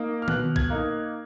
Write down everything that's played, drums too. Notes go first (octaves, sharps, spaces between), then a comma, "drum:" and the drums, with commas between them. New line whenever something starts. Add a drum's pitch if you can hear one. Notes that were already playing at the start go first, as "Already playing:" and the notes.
Already playing: A#3 D#4
F6
B2 F#6, drum: tom D#3
G#6, drum: kick A#1
A#3 D#4